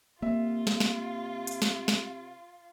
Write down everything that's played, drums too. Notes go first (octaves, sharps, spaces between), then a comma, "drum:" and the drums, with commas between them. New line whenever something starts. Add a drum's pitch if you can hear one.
C3 A#3 F4 E5
drum: snare
drum: snare
drum: hi-hat
drum: snare
drum: snare